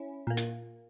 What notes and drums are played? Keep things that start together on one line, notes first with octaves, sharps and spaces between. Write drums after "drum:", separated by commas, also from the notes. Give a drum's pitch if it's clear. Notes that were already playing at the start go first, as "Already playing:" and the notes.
Already playing: C#4 E4
A#2 A#3
drum: hi-hat